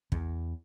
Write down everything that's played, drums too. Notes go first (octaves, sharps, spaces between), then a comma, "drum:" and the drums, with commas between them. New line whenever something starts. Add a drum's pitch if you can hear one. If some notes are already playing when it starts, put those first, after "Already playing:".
E2, drum: kick